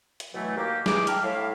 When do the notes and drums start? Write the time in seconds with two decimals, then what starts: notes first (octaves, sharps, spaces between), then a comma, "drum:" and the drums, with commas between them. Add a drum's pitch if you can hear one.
0.20 drum: hi-hat
0.34 B2 E3 F#3 A3
0.56 D#2 A#3 F#4 G4
0.86 E3 G#4 D6, drum: snare
1.07 G5 A5 A#5 D6 F6, drum: hi-hat
1.23 A2 E5 F5